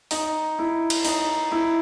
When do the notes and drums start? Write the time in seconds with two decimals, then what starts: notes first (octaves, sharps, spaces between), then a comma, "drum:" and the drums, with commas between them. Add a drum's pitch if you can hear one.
0.11 D#4, drum: open hi-hat
0.59 E4
0.90 drum: cymbal
1.05 D#4, drum: open hi-hat
1.52 E4